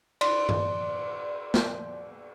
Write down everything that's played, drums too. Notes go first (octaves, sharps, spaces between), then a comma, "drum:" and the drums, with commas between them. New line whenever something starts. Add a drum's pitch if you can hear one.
D5 C6, drum: cymbal
drum: tom G2
drum: snare